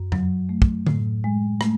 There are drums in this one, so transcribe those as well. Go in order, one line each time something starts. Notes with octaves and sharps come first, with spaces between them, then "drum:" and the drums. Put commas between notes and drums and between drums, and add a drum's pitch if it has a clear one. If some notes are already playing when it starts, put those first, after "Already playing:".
Already playing: F#2
F#3, drum: tom F2
A3
drum: kick
A2, drum: tom D3
G#3
A3, drum: rim click